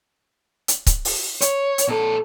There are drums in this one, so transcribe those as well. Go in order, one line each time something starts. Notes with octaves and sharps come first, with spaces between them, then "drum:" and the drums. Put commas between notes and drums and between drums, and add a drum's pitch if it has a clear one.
drum: hi-hat
drum: kick C#1, hi-hat
drum: open hi-hat
C#5, drum: hi-hat
drum: hi-hat
A#2 A4